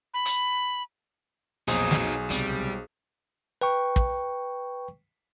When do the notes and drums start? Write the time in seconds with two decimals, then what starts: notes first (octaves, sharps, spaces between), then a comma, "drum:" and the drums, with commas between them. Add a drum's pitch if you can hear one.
0.14 B5
0.25 drum: hi-hat
1.68 B1 F2 A#2 F#3 D#4 G#4 C5 D#6, drum: hi-hat
1.91 drum: snare
2.30 C#2 C3 G3, drum: hi-hat
3.61 B4 G5 C#6
3.96 drum: kick